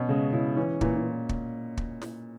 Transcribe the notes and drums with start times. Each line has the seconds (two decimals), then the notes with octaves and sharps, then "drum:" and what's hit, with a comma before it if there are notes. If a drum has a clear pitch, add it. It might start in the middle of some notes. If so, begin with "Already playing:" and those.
Already playing: B2 C#4
0.09 C#3 G#3
0.33 C#3 E4
0.56 E3 C#4
0.81 A#2 E3, drum: kick
0.96 E3
1.29 drum: kick
1.77 drum: kick
2.02 drum: snare